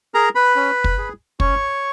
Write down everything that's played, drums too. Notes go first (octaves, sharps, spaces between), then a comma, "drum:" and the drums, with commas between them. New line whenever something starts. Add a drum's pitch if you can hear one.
G#4 A#4 A#5
B4 B5
C#4
drum: kick
G#4
C#4 C#5 C#6, drum: kick